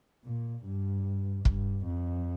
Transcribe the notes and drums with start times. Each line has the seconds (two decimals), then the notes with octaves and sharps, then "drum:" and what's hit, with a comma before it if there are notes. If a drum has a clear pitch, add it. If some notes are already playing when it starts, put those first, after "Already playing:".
0.24 A#2
0.65 G2
1.45 G2, drum: kick
1.86 F2